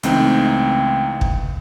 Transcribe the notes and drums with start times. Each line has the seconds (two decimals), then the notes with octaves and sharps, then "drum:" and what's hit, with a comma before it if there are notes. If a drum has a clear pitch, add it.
0.03 C#2 E3 A3 C4 D#4 G5, drum: hi-hat
1.21 drum: kick